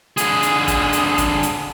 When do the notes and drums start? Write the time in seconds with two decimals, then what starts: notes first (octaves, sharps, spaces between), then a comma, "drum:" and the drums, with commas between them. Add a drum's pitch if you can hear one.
0.17 D3 G#4, drum: hi-hat
0.43 drum: hi-hat
0.68 drum: kick, hi-hat
0.93 drum: hi-hat
1.18 drum: kick, hi-hat
1.43 drum: hi-hat